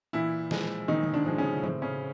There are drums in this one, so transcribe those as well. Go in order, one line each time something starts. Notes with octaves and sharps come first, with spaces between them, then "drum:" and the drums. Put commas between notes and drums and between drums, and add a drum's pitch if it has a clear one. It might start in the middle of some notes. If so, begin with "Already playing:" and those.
A#2 E3 E4
F3 G#3, drum: snare
A#2 D#3 D#4
drum: tom
D3 D4
F3 G#3
C#3 C#4
A2 C4, drum: tom
C#3 C#4